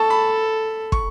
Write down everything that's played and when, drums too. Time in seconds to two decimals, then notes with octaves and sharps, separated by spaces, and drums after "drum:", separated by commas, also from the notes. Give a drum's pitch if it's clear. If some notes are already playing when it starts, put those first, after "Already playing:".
Already playing: A4 A5 C#6
0.10 B5
0.92 C#6, drum: kick